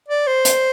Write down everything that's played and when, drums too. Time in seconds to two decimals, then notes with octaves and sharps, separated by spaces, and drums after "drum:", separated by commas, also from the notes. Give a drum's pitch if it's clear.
0.08 D5
0.27 C5
0.45 drum: hi-hat